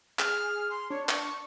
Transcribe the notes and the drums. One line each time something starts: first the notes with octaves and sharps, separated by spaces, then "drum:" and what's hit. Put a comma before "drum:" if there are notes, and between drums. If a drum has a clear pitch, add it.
G#4 F6, drum: clap
C6
D4 C#5
C#6, drum: clap